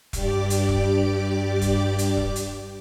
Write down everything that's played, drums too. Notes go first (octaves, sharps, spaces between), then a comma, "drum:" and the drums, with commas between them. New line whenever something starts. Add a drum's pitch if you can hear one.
G2 G4 D5 D6, drum: kick E1, hi-hat
drum: hi-hat
drum: kick E1
drum: kick E1, hi-hat
drum: hi-hat
drum: kick E1
drum: hi-hat